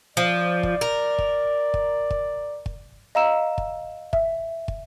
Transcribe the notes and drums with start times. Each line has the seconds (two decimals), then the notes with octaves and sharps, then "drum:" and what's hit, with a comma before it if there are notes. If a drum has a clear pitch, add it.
0.17 F3 D5
0.63 drum: kick
0.81 A#4
1.19 drum: kick
1.74 drum: kick
2.11 drum: kick
2.66 drum: kick
3.15 D#5 F5 A#5 E6 E7
3.58 drum: kick
4.13 E5, drum: kick
4.68 drum: kick